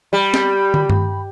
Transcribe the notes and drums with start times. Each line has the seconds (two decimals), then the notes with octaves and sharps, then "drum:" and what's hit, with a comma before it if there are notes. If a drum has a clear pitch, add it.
0.13 G3 B5
0.34 drum: snare
0.74 drum: tom
0.90 drum: tom G2